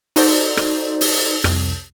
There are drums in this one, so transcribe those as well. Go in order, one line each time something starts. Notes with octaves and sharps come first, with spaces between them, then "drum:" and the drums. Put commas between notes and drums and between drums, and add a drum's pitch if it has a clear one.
D#4 F#4 A4 C5 D5, drum: open hi-hat
drum: rim click
drum: open hi-hat
C2 F2, drum: rim click